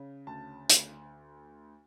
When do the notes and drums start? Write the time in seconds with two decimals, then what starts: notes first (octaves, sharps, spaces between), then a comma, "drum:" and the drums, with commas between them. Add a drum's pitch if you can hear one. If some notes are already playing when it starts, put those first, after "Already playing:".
Already playing: C#3
0.27 D2 A5
0.70 D2, drum: hi-hat